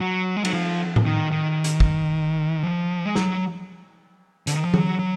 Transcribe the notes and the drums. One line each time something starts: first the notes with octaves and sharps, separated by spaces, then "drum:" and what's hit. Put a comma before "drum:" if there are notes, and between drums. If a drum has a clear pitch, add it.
F#3
G#3
F#3, drum: cymbal
F3
drum: tom A2
D#3
D#3
drum: hi-hat
drum: kick
F3
G#3
F#3, drum: snare
D3, drum: hi-hat
D#3
F3
F#3, drum: tom E3
F#3